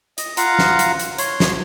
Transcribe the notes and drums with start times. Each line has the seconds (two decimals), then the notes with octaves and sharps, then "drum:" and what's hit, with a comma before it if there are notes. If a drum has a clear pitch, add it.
0.18 D#5, drum: hi-hat
0.37 F4 F5 F#5 A#5, drum: hi-hat
0.59 drum: snare
0.79 drum: hi-hat
0.99 drum: hi-hat
1.18 C#5 C6, drum: hi-hat
1.40 drum: snare